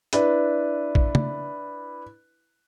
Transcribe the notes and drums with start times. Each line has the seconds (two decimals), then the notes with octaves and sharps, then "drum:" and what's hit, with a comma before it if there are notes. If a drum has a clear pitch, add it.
0.13 D4 E4 B4, drum: hi-hat
0.95 drum: kick
1.15 drum: tom